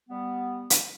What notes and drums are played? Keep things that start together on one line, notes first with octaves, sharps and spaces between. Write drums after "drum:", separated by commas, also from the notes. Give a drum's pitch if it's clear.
G3 B3
drum: hi-hat